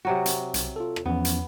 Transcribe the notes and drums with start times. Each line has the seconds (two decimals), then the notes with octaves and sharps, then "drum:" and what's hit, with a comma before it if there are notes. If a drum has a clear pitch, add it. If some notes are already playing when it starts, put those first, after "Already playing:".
0.05 C3 F#3 F#4
0.26 drum: hi-hat
0.54 B1, drum: hi-hat
0.76 F4 A4
0.96 drum: rim click
1.06 E2 F3 B3 C#4
1.25 drum: hi-hat